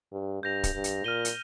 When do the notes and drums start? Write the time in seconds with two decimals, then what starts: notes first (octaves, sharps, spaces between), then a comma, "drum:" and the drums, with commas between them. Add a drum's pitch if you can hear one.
0.12 G2
0.43 G2 G6 A#6 F7
0.63 drum: kick C#1, hi-hat
0.74 G2
0.84 drum: hi-hat
1.04 A#2 F6 D#7 G7
1.25 drum: hi-hat